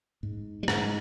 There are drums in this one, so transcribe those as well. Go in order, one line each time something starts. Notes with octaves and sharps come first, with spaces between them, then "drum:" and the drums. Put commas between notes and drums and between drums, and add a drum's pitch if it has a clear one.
G#2
G3
G#2 G#3, drum: rim click